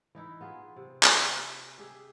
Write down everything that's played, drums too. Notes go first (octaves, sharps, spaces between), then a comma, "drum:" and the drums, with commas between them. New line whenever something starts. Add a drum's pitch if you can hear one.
E3 D#4 E4
B3 F4 G#4
C3
drum: clap
G4 G#4 E5